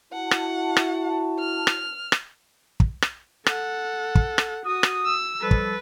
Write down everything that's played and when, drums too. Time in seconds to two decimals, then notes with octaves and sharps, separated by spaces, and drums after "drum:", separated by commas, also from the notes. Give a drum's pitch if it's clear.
0.13 E4 F#4 F#5 A5
0.31 drum: rim click
0.77 drum: rim click
1.39 F6
1.67 drum: rim click
2.12 drum: rim click
2.80 drum: kick
3.02 drum: rim click
3.46 A4 F#5, drum: rim click
4.15 drum: kick
4.38 drum: rim click
4.66 F#4 D#6
4.83 drum: rim click
5.06 E6
5.41 F3 G3 A4 B4
5.51 drum: kick